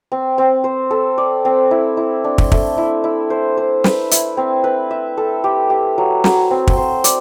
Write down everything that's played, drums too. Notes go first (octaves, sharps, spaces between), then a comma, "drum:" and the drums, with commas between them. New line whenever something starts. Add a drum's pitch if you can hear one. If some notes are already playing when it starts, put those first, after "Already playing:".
C4
C4
C5
A4
D5
C4
E4
E4
D4
drum: kick
A3, drum: kick
E4
E4
C5
C5
B4, drum: snare
E4, drum: hi-hat
C4
B4
E5
A4
G4
G4
F#3
F#3, drum: snare
C4
drum: kick
C5
D5, drum: hi-hat